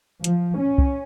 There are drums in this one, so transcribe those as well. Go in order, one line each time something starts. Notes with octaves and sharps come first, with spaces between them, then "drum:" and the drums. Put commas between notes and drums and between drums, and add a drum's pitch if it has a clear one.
F3, drum: hi-hat
C#4
drum: kick